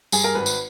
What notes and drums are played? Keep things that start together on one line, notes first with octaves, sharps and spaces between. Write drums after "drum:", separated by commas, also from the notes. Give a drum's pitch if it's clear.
G2 G#4, drum: tambourine
A#4
G#1 B4
drum: tambourine